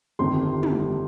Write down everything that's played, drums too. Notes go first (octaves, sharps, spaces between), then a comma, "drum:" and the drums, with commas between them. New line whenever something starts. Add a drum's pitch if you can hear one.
G1 F2 D#3 G3 C6
drum: tom